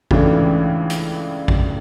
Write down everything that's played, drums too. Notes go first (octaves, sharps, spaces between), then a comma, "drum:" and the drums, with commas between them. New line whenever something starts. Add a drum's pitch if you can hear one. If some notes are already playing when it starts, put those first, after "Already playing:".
C#2 C#3 E3 A3 D4, drum: kick A1
drum: hi-hat
drum: kick A1